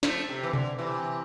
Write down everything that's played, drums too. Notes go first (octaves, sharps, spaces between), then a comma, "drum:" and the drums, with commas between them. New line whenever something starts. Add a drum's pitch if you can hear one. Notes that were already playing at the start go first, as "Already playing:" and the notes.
F3 A3, drum: snare
C3
E3
D3, drum: tom B2
C3 E3